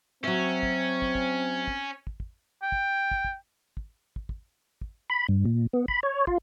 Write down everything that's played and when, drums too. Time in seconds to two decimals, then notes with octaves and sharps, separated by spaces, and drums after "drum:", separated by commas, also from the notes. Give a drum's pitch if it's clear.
0.24 F#3 C4 C#4 E5
0.63 drum: kick
1.02 drum: kick
1.15 drum: kick
1.68 drum: kick
2.07 drum: kick
2.20 drum: kick
2.62 G5
2.72 drum: kick
3.11 drum: kick
3.25 drum: kick
3.77 drum: kick
4.16 drum: kick
4.29 drum: kick
4.81 drum: kick
5.10 B5
5.29 G2
5.45 A#2
5.73 B3
5.88 B5, drum: kick
6.03 C#5
6.27 F4, drum: kick